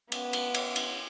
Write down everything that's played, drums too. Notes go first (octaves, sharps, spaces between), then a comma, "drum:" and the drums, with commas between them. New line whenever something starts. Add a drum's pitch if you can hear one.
B3, drum: cymbal
drum: cymbal
drum: cymbal
drum: cymbal